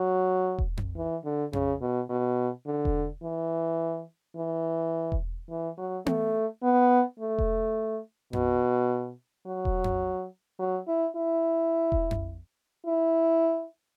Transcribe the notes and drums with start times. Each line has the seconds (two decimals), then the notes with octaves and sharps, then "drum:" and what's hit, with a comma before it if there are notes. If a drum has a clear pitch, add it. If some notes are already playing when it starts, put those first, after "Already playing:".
Already playing: F#3
0.58 drum: kick E1
0.77 drum: tom F2
0.96 E3
1.25 D3
1.53 C#3, drum: tom F2
1.81 B2
2.10 B2
2.66 D3
2.85 drum: kick E1
3.23 E3
4.37 E3
5.12 drum: kick E1
5.50 E3
5.78 F#3
6.06 A3, drum: tom B3
6.63 B3
7.20 A3
7.39 drum: kick E1
8.33 B2, drum: tom F2
9.46 F#3
9.65 drum: kick E1
9.84 drum: tom F2
10.59 F#3
10.88 E4
11.16 E4
11.92 drum: kick E1
12.11 drum: tom F2
12.86 E4